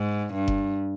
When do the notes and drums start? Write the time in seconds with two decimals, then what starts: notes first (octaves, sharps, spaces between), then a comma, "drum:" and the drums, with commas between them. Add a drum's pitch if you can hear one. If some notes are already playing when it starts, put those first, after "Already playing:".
Already playing: G#2
0.34 G2
0.48 drum: kick F#1